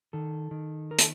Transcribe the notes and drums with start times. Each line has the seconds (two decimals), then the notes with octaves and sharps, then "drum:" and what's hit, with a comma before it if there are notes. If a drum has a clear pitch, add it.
0.13 D#3 A4
0.51 D#3
0.91 A#4
0.99 A4, drum: hi-hat